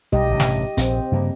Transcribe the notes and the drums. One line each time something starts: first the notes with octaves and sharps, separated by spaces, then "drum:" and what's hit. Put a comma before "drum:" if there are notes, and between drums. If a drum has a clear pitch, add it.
B1 G3 G4 D#5
A1 G2 C3
drum: snare
A#1 C4, drum: hi-hat
G2 C#3 A#3